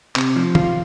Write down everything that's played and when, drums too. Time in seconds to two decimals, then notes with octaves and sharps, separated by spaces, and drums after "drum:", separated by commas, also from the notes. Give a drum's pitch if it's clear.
0.16 C3, drum: clap
0.36 F3
0.55 F4, drum: tom